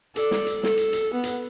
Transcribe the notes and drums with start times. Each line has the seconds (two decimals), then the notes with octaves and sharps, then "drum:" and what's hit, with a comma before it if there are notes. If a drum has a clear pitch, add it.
0.16 A4 D5, drum: hi-hat
0.31 drum: snare
0.47 drum: hi-hat
0.63 A4, drum: snare
0.77 drum: hi-hat
0.93 drum: hi-hat
1.14 B3
1.23 drum: hi-hat